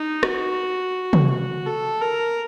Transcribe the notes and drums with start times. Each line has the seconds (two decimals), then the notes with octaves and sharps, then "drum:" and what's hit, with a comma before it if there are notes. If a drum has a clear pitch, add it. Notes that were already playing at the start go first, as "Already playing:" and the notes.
Already playing: D#4
0.23 F#4, drum: rim click
1.13 drum: tom
1.31 F#4
1.66 A4
2.01 A#4